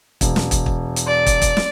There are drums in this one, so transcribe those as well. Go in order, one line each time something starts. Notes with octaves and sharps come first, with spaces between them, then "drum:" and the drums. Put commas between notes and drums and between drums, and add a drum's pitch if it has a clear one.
E1, drum: kick, hi-hat
drum: snare
drum: kick, hi-hat
drum: kick
drum: hi-hat
D5
drum: kick, hi-hat
drum: kick, hi-hat
drum: snare